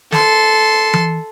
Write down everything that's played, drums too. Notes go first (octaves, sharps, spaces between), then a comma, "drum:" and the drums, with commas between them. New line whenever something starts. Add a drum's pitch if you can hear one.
A4 C6, drum: snare
drum: tom E3